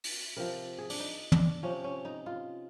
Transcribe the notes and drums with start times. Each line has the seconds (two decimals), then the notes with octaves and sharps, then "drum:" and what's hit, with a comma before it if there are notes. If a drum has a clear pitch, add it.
0.04 drum: open hi-hat
0.36 C3 F3 A#4
0.78 G#4
0.90 D4, drum: open hi-hat
1.00 D#4
1.32 D4, drum: tom
1.63 C3 F3 C#4
1.84 C#4
2.05 D#4
2.26 F4